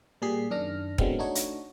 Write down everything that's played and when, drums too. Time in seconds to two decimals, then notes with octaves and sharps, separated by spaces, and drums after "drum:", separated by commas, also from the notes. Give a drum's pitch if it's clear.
0.22 A#2 G3 G4 G#4 B6 C7
0.51 F#2 D#3 D4 F6 A#6
0.98 D3 F#3 G#3 B3 C4, drum: kick
1.18 A3 D4 D#4 F#4 C#5
1.35 drum: hi-hat